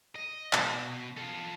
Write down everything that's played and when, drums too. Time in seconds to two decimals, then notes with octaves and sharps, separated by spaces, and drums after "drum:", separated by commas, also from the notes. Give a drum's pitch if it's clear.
0.15 D#5
0.53 B2, drum: clap
1.17 F4 A4